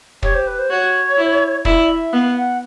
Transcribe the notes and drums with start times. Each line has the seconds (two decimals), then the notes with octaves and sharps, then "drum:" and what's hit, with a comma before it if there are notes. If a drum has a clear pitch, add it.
0.23 G4 C#5, drum: kick
0.34 C5
0.47 B4
0.59 C5
0.70 F#4 C#5
1.18 E4
1.65 E4 D5, drum: kick
1.89 E5
2.12 B3 F5
2.36 F#5